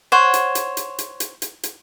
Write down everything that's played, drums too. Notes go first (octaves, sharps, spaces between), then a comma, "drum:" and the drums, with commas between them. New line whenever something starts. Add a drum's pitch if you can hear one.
C5 C#5 F#5
drum: hi-hat
drum: hi-hat
drum: hi-hat
drum: hi-hat
drum: hi-hat
drum: hi-hat
drum: hi-hat